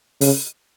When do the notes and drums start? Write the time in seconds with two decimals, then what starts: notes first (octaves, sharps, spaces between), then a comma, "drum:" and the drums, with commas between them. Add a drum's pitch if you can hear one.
0.21 C#3, drum: open hi-hat